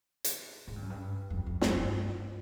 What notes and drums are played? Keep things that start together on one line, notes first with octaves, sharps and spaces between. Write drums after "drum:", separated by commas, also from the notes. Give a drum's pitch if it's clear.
drum: hi-hat
G#2
G2
F#2
G2
F2
F2
F#2, drum: snare
G2